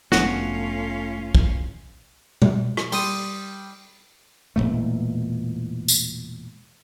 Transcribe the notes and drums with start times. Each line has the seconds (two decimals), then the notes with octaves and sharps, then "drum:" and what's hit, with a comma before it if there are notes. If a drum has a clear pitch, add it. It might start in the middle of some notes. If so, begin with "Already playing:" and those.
0.12 F1 A3 B3 C#4 D4 F4 F#4, drum: snare
1.35 drum: kick
2.42 drum: tom B2
2.77 drum: rim click
2.92 G3 C6 D#6 D#7, drum: open hi-hat
4.56 E1 E2 A#2 A3
5.88 drum: tambourine